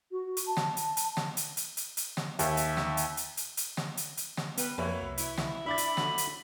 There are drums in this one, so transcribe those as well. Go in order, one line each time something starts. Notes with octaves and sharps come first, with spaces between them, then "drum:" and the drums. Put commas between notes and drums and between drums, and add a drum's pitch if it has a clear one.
F#4
drum: hi-hat
A5
drum: snare
drum: hi-hat
drum: hi-hat
drum: snare
drum: hi-hat
drum: hi-hat
drum: hi-hat
drum: hi-hat
drum: snare
D#2 E5, drum: hi-hat
drum: hi-hat
drum: snare
drum: hi-hat
drum: hi-hat
drum: hi-hat
drum: hi-hat
drum: snare
drum: hi-hat
drum: hi-hat
drum: snare
G3 B3 B4 G5, drum: hi-hat
F2 F#3 A#3 B4 C#5 E5
C2
E4, drum: hi-hat
drum: snare
D4 E5 B5 D6 A6
drum: hi-hat
D3 F#3 F#4, drum: snare
drum: hi-hat